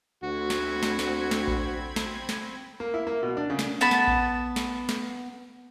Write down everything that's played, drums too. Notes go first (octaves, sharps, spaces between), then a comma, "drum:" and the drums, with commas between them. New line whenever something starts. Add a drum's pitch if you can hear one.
D2 C4 F#4 B5 G#6
drum: snare
drum: snare
drum: snare
drum: snare
drum: kick A#1
drum: snare
drum: snare
A#3
E4
A#3
B2
D4
C#3
drum: snare
B3 A5 B5
drum: snare
drum: kick A#1
drum: snare
drum: snare